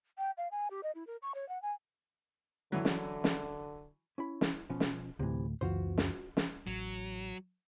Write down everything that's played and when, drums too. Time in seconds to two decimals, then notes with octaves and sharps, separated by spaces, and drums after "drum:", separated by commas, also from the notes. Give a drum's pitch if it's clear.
0.18 G5
0.37 F5
0.51 G#5
0.71 G4
0.83 D#5
0.95 E4
1.07 A#4
1.22 C#6
1.35 C#5
1.49 F#5
1.62 G#5
2.72 D3 E3 F#3
2.85 drum: snare
3.24 drum: snare
4.18 C#4 E4 B5
4.41 drum: snare
4.70 B2 F3 C#4
4.80 drum: snare
5.19 D2 A2 C3 E3
5.61 C#2 F#2 E3 F4 F#4 C5
5.98 drum: snare
6.37 drum: snare
6.67 A1 F#3